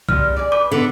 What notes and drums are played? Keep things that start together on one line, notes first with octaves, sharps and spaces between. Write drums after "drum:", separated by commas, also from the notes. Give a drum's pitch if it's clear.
G3 G#3 B3 F6, drum: kick C2
G#4 D5
B4 D6
D3 B3